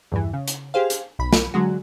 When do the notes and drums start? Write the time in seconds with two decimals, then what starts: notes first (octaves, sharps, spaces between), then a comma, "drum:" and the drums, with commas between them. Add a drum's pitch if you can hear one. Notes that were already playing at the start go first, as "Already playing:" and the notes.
0.12 E2 G2 E3
0.33 C#3
0.48 drum: hi-hat
0.74 G4 G#4 C5 F5
0.90 drum: hi-hat
1.19 B1 B5
1.33 drum: snare
1.54 D3 F#3 G#3 F#4